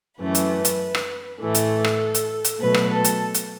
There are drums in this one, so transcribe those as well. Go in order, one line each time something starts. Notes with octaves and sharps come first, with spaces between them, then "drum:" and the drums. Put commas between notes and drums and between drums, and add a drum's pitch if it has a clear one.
F#2 E3 A3 B4
drum: hi-hat
drum: hi-hat
drum: rim click
A2 E3 A3 A4
drum: hi-hat
drum: rim click
drum: hi-hat
drum: hi-hat
B2 F#3 A3 B4
drum: rim click
A4
drum: hi-hat
drum: hi-hat